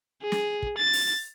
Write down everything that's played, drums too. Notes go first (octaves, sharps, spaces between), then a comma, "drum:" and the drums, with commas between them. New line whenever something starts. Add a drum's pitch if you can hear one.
G#4
drum: snare
drum: kick
A6
drum: open hi-hat